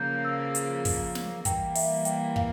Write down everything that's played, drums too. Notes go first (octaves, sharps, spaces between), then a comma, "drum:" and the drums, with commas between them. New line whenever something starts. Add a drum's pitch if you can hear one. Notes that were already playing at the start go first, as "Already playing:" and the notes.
Already playing: C#3 F3 A#3 G6
E6
drum: hi-hat
drum: kick, open hi-hat
drum: snare
E3 G3 A#3 G5, drum: kick, hi-hat
E5, drum: open hi-hat
G5, drum: hi-hat
F5, drum: kick